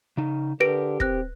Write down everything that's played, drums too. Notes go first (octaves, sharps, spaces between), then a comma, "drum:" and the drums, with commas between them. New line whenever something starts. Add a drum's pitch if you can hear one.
C#3 D#4
D3 G4 A#4 B4 A#6 D7
C4 F#6 A#6, drum: kick